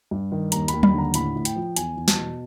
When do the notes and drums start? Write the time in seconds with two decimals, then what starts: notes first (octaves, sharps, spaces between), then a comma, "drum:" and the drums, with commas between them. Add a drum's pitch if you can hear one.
0.11 G2
0.32 D#3
0.52 D#2 A#5, drum: hi-hat
0.68 B5, drum: hi-hat
0.74 D#2
0.83 B5, drum: tom F#3
0.94 D3 A#5
1.14 A2 B5, drum: hi-hat
1.35 A2
1.45 G5, drum: hi-hat
1.56 F3
1.76 E2 G#5, drum: hi-hat
1.97 E2
2.08 A5, drum: snare
2.17 B2